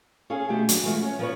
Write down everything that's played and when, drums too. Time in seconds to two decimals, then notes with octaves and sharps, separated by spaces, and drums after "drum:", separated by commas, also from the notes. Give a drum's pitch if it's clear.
0.30 C#4 G#4 A4 F5 G#5
0.48 B2 D3 A3 G4 G#4
0.69 F#3 D4, drum: hi-hat
0.83 E3 G#3 A3 D#4 F4 F#4
1.02 C#4
1.19 F3 F4 G4 A#4 B4 C#5